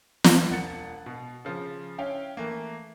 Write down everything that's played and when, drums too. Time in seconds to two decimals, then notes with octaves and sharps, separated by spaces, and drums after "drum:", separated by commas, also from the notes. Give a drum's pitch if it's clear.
0.24 A#5, drum: snare
0.50 E1 F#5 A6 C#7
1.06 B2
1.45 C#3 F3
1.98 C#4 E4 F5 G5
2.37 E3 A3 A#3